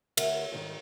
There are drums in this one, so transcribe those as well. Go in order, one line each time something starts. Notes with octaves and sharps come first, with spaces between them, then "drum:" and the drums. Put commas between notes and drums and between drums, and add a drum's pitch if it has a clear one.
D2 A#4 E5 F#5, drum: cymbal
G#2 D#3 G3